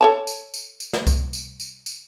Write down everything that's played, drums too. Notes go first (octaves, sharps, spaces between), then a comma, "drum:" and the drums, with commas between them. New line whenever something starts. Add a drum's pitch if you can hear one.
A4 C#5 A5
drum: tambourine
drum: tambourine
drum: tambourine
drum: snare
drum: kick C2, tambourine
drum: tambourine
drum: tambourine
drum: tambourine